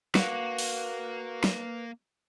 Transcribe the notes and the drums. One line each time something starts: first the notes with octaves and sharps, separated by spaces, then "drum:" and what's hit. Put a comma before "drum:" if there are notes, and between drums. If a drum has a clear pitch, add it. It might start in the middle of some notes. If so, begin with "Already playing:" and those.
A#3 F#4 B4 F5, drum: snare
drum: open hi-hat
drum: snare